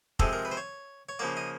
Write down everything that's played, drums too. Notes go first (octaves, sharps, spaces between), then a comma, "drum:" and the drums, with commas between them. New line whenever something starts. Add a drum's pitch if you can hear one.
C3 F3 G#3 A4, drum: kick F1
A#4
B4
C5
C#5
C#5
C#3 F3 A#3 D5
D#5